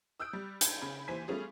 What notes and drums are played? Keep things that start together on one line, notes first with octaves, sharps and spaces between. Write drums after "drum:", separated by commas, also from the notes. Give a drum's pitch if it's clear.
D#6 E6 F#6 G6 D7
G3
G6 G#6, drum: hi-hat
C#3 B5
D#2 E3 C5 G#5 B6
G3 A3 B3 C#4 F4 G#4